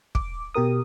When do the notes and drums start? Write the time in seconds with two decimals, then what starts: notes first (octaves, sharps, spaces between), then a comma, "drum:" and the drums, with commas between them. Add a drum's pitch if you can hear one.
0.15 D6, drum: kick
0.54 B2 G4 A#4 D#6